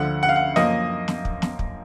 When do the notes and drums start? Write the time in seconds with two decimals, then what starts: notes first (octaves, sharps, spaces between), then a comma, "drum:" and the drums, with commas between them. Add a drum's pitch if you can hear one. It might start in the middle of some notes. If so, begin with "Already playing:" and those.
Already playing: D2 D3 F3 F#5
0.23 F#5
0.29 F5
0.36 F#5
0.56 F#2 F3 A#3 D#5, drum: snare
1.08 drum: snare
1.25 drum: kick
1.42 drum: snare
1.59 drum: kick